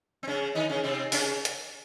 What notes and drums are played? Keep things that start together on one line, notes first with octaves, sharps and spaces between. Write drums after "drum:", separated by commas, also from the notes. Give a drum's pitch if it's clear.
C4
C#3 C#4
D#3 D#4
C#3 C#4
C3 C4
C#3 C#4, drum: open hi-hat
drum: hi-hat